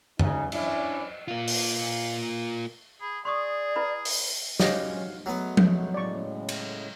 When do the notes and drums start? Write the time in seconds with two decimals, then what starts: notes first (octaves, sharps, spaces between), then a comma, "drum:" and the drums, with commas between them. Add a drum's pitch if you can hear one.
0.19 C#3 D#4, drum: tom F2
0.52 C#4 D4 E4, drum: cymbal
1.28 A#3 F4
1.48 drum: open hi-hat
3.01 G#4 B5
3.25 G#4 D5 C6 C#6 D#6
3.76 E4 B4 B5
4.05 drum: open hi-hat
4.60 G#3 C#4 F#4 G4 C#5 D#5 F5, drum: snare
5.26 F#3 G#3 A3 B3
5.57 drum: tom F3
5.94 A2 C#3 G#3 D5 C#6
6.49 drum: cymbal